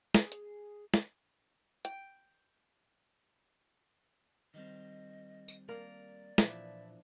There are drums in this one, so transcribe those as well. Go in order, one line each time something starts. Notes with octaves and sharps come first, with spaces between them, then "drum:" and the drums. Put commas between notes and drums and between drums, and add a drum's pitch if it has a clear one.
G#4, drum: snare
drum: hi-hat
drum: snare
G5, drum: hi-hat
D#3 G3 C4 D#5
drum: tambourine
A#3 A#4 D5
A#2 E3 F3 D4 E4, drum: snare